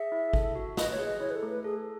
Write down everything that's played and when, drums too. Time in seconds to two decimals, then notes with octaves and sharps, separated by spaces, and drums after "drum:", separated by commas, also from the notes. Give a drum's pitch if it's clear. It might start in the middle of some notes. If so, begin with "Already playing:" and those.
Already playing: G#4 E5
0.12 E4
0.33 A4, drum: kick G#1
0.55 F#4
0.77 B4 D#5, drum: snare
0.92 C#5
0.99 G#4
1.06 D#5
1.21 E4 C#5
1.30 B4
1.35 A4
1.43 A3
1.50 B4
1.64 G#4 A4